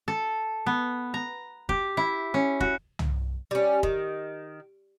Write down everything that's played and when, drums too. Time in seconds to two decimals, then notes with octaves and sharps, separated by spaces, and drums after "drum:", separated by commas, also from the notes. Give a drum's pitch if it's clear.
0.08 A4
0.66 B3
1.14 A#5
1.69 G4, drum: kick F1
1.97 E4
2.34 C#4
2.60 F#4, drum: kick F1
2.99 drum: tom
3.51 G3 C#4
3.83 D#3, drum: kick F1